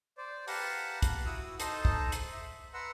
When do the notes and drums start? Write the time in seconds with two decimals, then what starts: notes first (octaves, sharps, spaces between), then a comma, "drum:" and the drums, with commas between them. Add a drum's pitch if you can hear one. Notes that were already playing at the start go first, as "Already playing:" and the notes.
0.17 C5 D5
0.48 G4 B4 F5 F#5 A5 A#5, drum: open hi-hat
1.02 drum: kick, hi-hat
1.26 E4 F#4 D#6 E6
1.60 D#4 A4 C5 D#5 A5 A#5, drum: hi-hat
1.85 drum: kick
2.12 drum: hi-hat
2.32 E5
2.74 B4 F#5 A#5 C6 E6